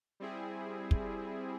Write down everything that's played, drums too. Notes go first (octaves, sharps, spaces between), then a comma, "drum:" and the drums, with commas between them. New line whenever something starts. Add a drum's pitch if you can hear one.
G3 C4 E4 G#4
drum: kick